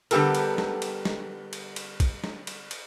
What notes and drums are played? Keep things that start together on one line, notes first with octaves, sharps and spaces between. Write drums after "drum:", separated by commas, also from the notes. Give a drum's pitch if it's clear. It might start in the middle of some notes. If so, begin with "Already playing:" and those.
D3 G3 B3 G4 A4 A#4, drum: cymbal
drum: cymbal
drum: snare
drum: cymbal
drum: snare
drum: cymbal
drum: cymbal
drum: kick, cymbal
drum: snare
drum: cymbal
drum: cymbal